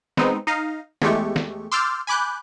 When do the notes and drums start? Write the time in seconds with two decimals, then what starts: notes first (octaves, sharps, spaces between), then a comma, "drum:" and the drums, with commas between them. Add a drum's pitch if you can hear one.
0.17 G#3 B3 C4 D#4, drum: snare
0.47 D#4 D#5 F5
1.02 E2 G#3 A3 G4 C#6, drum: snare
1.36 drum: snare
1.72 C6 D6 E6 F6 G6 A6
2.07 G#5 B5 D6 F#6 G6